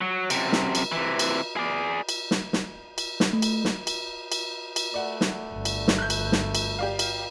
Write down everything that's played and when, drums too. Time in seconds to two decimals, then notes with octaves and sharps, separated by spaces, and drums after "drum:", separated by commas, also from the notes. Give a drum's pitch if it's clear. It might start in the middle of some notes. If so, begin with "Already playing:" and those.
0.01 F#3
0.30 F#2 C3, drum: cymbal
0.52 drum: snare
0.75 drum: cymbal
0.92 C3 E3
1.19 drum: cymbal
1.57 G#4 D5
2.09 drum: cymbal
2.31 drum: snare
2.53 drum: snare
2.98 drum: cymbal
3.20 drum: snare
3.33 A3
3.42 drum: cymbal
3.65 drum: snare
3.87 drum: cymbal
4.32 drum: cymbal
4.76 drum: cymbal
4.94 A3 D5 F#5
5.21 drum: snare
5.52 G1
5.65 drum: cymbal
5.88 drum: snare
5.98 F#6 G6
6.10 drum: cymbal
6.32 drum: snare
6.55 drum: cymbal
6.79 G4 D5 F5
6.99 drum: cymbal